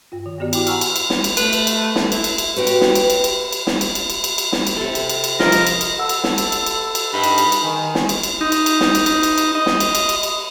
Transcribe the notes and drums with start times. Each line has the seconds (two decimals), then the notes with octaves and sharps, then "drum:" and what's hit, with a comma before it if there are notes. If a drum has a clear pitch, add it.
0.12 G2 F4
0.26 D#3
0.39 G2 B3 F#4 G4 D5
0.53 E4 G5 D6, drum: cymbal
0.67 F#5 G#5 A#5 C#6 E6 F6, drum: cymbal
0.81 drum: cymbal
0.96 drum: cymbal
1.10 drum: snare
1.24 drum: cymbal
1.37 A3 B4, drum: cymbal
1.53 drum: cymbal
1.67 drum: cymbal
1.96 drum: snare
2.12 E4, drum: cymbal
2.24 drum: cymbal
2.38 drum: cymbal
2.56 F#4 G4 B4 C#5
2.67 drum: cymbal
2.81 drum: snare
2.95 drum: cymbal
3.10 drum: cymbal
3.24 drum: cymbal
3.53 drum: cymbal
3.67 drum: snare
3.81 drum: cymbal
3.95 drum: cymbal
4.10 drum: cymbal
4.24 drum: cymbal
4.38 drum: cymbal
4.52 drum: snare
4.67 drum: cymbal
4.77 C3 A4
4.95 drum: cymbal
5.09 drum: cymbal
5.24 drum: cymbal
5.40 F3 C4 A#4 D#5, drum: snare
5.52 drum: cymbal
5.67 drum: cymbal
5.81 drum: cymbal
5.99 A4 F#5 E6
6.09 drum: cymbal
6.24 drum: snare
6.38 drum: cymbal
6.52 drum: cymbal
6.66 drum: cymbal
6.95 drum: cymbal
7.13 G2 D#4 B5
7.24 drum: cymbal
7.38 drum: cymbal
7.52 drum: cymbal
7.63 D#3 G#4
7.95 drum: snare
8.09 drum: cymbal
8.23 drum: cymbal
8.41 D#4
8.52 drum: cymbal
8.66 drum: cymbal
8.80 drum: snare
8.95 drum: cymbal
9.06 D#4, drum: cymbal
9.23 drum: cymbal
9.38 drum: cymbal
9.55 D#5
9.66 drum: snare
9.80 drum: cymbal
9.95 drum: cymbal
10.09 drum: cymbal
10.23 drum: cymbal